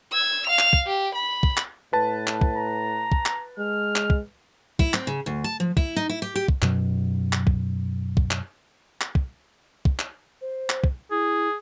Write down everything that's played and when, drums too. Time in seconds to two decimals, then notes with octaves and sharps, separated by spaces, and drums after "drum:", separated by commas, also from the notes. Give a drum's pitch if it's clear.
0.12 E6 G#6
0.48 F5 F7
0.59 drum: clap
0.73 drum: kick
0.86 G4
1.15 B5
1.43 drum: kick
1.57 drum: clap
1.93 A2 B4 A5
2.27 drum: clap
2.41 drum: kick
2.56 A#5
3.12 drum: kick
3.26 drum: clap
3.58 G#3 F6
3.96 drum: clap
4.10 drum: kick
4.79 E4, drum: kick
4.94 C4, drum: clap
5.07 C#3
5.26 D2
5.44 A5
5.60 F3
5.77 E4, drum: kick
5.96 D#4
6.09 E4
6.22 G4
6.35 G4
6.48 drum: kick
6.62 F#2 B2 F#3, drum: clap
7.33 drum: clap
7.47 drum: kick
8.17 drum: kick
8.31 drum: clap
9.01 drum: clap
9.15 drum: kick
9.85 drum: kick
9.99 drum: clap
10.41 C5
10.70 drum: clap
10.84 drum: kick
11.11 E4 G#4